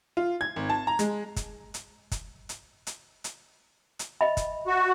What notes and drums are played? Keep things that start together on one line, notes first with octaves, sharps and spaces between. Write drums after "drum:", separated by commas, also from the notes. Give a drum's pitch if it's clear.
F4
G#6
G#1
A5
A#5
G#3, drum: hi-hat
drum: kick, hi-hat
drum: hi-hat
drum: kick, hi-hat
drum: hi-hat
drum: hi-hat
drum: hi-hat
drum: hi-hat
D#5 E5 B5
drum: kick, hi-hat
F#4